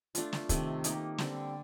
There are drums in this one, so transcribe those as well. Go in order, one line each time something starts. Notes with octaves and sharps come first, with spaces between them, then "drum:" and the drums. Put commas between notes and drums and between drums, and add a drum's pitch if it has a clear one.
A3 D4 F4, drum: hi-hat
drum: snare
C3 D#3 A3 C4, drum: kick, hi-hat
A#3 D#4 G4, drum: hi-hat
D3 G3 C4, drum: snare